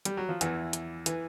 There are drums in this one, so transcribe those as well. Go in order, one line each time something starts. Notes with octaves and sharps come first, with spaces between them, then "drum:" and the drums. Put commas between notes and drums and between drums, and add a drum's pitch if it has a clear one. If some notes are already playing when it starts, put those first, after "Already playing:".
G3, drum: hi-hat
F#3
F3
E2 E3, drum: hi-hat
drum: hi-hat
E3, drum: hi-hat